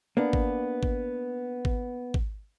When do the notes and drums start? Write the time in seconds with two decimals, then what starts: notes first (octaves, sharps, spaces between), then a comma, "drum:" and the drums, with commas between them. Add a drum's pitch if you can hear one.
0.17 A#3 B3 D4
0.33 drum: kick G#1
0.83 drum: kick G#1
1.65 drum: kick G#1
2.14 drum: kick G#1